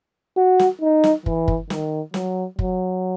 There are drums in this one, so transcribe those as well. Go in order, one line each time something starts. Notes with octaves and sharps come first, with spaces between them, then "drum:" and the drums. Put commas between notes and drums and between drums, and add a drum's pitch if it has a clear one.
F#4
drum: snare
D#4
drum: snare
E3, drum: kick
drum: kick
D#3, drum: snare
F#3, drum: snare
F#3, drum: kick